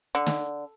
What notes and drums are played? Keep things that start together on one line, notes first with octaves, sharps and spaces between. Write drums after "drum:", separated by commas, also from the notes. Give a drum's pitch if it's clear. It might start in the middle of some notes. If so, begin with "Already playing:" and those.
D3
drum: snare